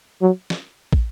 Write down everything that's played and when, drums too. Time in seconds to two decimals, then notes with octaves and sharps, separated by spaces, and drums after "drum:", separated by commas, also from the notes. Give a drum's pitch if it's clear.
0.22 F#3
0.50 drum: snare
0.93 drum: kick